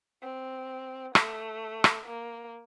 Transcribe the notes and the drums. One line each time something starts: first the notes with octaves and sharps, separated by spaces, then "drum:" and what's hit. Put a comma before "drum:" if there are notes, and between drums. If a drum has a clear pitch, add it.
C4
A3, drum: rim click
drum: rim click
A#3